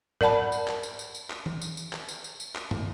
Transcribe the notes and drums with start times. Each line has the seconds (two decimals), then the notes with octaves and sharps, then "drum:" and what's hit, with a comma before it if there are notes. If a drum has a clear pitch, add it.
0.21 A#4 D5 F#5 A5 B5, drum: tom G#2
0.52 drum: tambourine
0.68 drum: clap
0.83 drum: tambourine
0.99 drum: tambourine
1.15 drum: tambourine
1.30 drum: clap
1.46 drum: tom
1.62 drum: tambourine
1.77 drum: tambourine
1.93 drum: clap
2.09 drum: tambourine
2.24 drum: tambourine
2.40 drum: tambourine
2.55 drum: clap
2.71 drum: tom